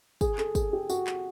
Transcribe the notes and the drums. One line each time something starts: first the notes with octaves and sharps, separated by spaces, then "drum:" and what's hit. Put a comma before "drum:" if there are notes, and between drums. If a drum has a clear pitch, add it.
G#4, drum: kick, tambourine
A4, drum: clap
G#4, drum: kick, tambourine
G4
F#4, drum: tambourine
drum: clap